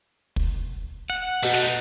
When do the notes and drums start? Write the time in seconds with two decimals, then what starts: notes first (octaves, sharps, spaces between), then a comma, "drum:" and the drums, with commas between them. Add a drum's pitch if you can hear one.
0.36 drum: kick
1.10 F#5
1.43 B2 A3 D#4
1.54 drum: snare